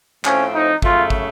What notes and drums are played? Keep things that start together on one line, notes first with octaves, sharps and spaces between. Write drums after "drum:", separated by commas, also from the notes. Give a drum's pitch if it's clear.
A2 F3 C4 C#4, drum: clap
D#4
F#2 C#3 A3 F4, drum: kick
drum: kick